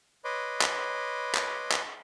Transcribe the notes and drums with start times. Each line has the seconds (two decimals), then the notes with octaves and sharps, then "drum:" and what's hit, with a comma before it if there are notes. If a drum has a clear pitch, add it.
0.25 B4 C#5 D#5 B5 C6 D6
0.61 drum: clap
1.35 drum: clap
1.71 drum: clap